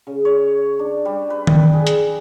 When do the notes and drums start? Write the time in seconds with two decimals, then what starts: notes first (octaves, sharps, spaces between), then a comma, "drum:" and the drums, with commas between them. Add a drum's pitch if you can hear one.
0.07 C#3
0.25 C#5
0.79 D4
1.05 G3
1.30 B4
1.47 G5, drum: tom D#3
1.73 G#4
1.87 drum: hi-hat